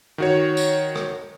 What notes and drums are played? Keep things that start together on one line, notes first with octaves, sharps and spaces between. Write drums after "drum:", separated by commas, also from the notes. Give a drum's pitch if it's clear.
D#3 F#4 C#5
drum: tambourine
drum: rim click